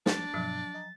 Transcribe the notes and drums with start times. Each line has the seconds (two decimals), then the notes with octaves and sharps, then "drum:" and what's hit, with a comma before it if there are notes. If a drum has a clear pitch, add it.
0.06 F3 G#3 D4 A6, drum: snare
0.34 G2 B2 F3 F#3
0.74 D#5 G#5 A#5